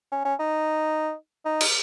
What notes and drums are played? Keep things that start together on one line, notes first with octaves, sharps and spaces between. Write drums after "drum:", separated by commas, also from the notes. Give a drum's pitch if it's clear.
C#4
C#4
D#4
D#4
drum: cymbal